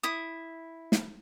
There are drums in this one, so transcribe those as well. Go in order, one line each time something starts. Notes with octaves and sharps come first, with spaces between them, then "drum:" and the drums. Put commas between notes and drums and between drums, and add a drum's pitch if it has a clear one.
E4 D#6
drum: snare